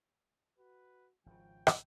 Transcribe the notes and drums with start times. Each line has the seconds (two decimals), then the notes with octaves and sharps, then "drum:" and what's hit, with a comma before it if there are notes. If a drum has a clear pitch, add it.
0.58 F#4 B4
1.26 G#1 C#3 F3 G5
1.67 drum: rim click